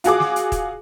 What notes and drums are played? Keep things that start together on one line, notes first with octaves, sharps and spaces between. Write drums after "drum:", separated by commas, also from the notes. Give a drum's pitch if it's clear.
F4 F#4 G#4 D6, drum: hi-hat
drum: snare
drum: hi-hat
drum: kick, hi-hat